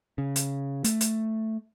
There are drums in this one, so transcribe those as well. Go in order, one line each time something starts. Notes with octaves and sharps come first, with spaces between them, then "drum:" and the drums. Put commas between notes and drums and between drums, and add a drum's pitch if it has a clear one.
C#3
drum: hi-hat
A3, drum: hi-hat
drum: hi-hat